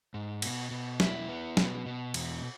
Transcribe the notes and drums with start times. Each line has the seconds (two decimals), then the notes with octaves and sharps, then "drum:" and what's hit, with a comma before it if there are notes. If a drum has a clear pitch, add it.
0.14 G#2
0.42 B2, drum: cymbal
0.71 B2
1.00 E4, drum: snare
1.29 B3
1.57 B2, drum: snare
1.86 B2
2.14 E2, drum: cymbal